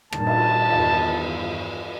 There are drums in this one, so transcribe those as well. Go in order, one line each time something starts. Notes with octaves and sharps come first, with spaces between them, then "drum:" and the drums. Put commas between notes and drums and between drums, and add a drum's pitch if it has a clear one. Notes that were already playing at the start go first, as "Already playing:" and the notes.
G2 A#2 D#3 A5, drum: rim click
drum: cymbal
E2 G2 D#3, drum: cymbal